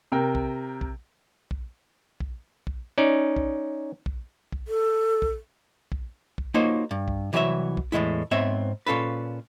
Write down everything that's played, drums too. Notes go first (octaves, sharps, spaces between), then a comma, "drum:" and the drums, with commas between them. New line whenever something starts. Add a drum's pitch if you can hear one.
C3 A#4 G5
drum: kick
drum: kick
drum: kick
drum: kick
drum: kick
C#4 D#4 D5
drum: kick
drum: kick
drum: kick
A4
drum: kick
drum: kick
drum: kick
A#3 D#4 F4 F#4 C5 C#5
G2
drum: kick
C2 E3 F#3 G#4 C#5 E5
drum: kick
E2 A2 C#3 G#3 E4
G#2 B3 C4 C#5 E5
A#2 C#4 F4 A4 B4